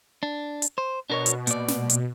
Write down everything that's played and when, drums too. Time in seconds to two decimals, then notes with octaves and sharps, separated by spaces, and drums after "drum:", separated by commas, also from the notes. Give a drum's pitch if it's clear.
0.23 D4
0.62 drum: hi-hat
0.78 C5
1.10 B2 D4 A#4 C#5
1.26 drum: hi-hat
1.47 A#2 D5, drum: hi-hat
1.68 drum: snare
1.90 drum: hi-hat